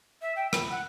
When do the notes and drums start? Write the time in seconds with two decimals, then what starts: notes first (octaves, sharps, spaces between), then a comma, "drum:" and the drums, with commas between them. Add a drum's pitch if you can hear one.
0.22 E5
0.36 G5
0.53 B5, drum: rim click
0.71 F#5